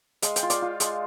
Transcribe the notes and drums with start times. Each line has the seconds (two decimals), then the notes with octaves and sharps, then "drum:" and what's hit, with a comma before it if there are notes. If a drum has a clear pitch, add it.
0.22 G#3 F5, drum: hi-hat
0.36 G5, drum: hi-hat
0.43 F4
0.50 D5 F5, drum: hi-hat
0.62 F4
0.80 G#3, drum: hi-hat